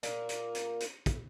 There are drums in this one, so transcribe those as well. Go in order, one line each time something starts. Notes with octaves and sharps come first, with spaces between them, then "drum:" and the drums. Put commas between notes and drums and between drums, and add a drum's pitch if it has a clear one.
A#2 A#3, drum: hi-hat
drum: hi-hat
drum: hi-hat
drum: hi-hat
drum: kick, hi-hat